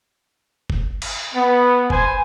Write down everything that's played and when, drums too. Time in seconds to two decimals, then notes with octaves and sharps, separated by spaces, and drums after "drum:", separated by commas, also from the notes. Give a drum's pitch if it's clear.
0.70 drum: kick
1.02 drum: cymbal
1.33 B3
1.90 B4 C5 G#5, drum: kick